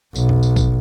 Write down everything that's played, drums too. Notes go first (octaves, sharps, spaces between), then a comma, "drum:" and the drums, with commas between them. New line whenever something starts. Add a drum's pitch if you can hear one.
B1, drum: tambourine
drum: tom E2
drum: tambourine
drum: kick A#1, tambourine